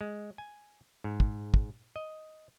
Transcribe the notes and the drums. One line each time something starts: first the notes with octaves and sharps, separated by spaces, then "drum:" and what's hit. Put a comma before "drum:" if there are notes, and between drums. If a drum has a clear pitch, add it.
G#3
G#5
G#2
drum: kick
drum: kick
D#5